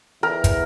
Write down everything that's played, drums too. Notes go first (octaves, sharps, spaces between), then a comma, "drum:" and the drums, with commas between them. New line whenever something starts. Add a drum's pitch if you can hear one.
E2 A#4
drum: kick, hi-hat